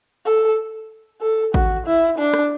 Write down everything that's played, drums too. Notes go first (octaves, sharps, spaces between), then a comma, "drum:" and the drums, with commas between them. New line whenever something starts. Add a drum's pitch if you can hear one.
A4
A4
F#4, drum: kick G#1
E4
D4
drum: rim click